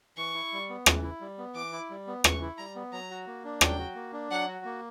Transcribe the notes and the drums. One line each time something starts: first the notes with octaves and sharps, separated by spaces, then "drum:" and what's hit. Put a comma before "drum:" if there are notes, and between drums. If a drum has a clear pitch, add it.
E3 C#6
E4
G3
B3
E3, drum: rim click
E4
G3
B3
E3 D6
E4
G3
B3
E3 C#6, drum: rim click
E4
G3 A#5
B3
F#3 A#5
F#4
A#3
D4
F#3 G5, drum: rim click
F#4
A#3
D4
F#3 F#5
F#4
A#3